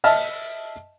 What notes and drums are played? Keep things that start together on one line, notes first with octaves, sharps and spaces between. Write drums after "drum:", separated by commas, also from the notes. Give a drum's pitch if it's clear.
D#5 E5 A5 F6, drum: open hi-hat